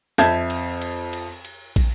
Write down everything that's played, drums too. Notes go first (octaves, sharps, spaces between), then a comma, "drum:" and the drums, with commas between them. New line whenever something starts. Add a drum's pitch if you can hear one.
F2 E5 A5 G6 G#6, drum: snare
drum: cymbal
drum: cymbal
drum: cymbal
drum: cymbal
drum: kick, cymbal